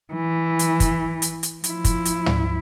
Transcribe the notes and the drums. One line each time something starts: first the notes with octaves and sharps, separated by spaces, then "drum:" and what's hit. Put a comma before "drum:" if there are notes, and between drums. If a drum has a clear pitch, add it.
E3
drum: hi-hat
drum: kick, hi-hat
drum: hi-hat
drum: hi-hat
F3 E4, drum: hi-hat
drum: kick, hi-hat
drum: hi-hat
drum: tom